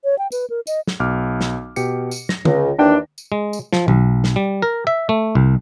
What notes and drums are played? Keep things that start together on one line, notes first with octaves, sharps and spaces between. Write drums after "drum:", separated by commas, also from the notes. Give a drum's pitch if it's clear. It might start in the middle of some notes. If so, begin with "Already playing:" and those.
C#5
G5
B4, drum: tambourine
A#4
D#5, drum: tambourine
drum: snare
B1 D6 F6
drum: snare
B2 G4 C#7, drum: tambourine
drum: tambourine
A#6, drum: snare
C#2, drum: tom D3
D#2 E3 D4 G5
drum: tambourine
G#3
drum: tambourine
F3, drum: snare
B1, drum: tom D#3
drum: snare
G3
A#4
E5
A3
C2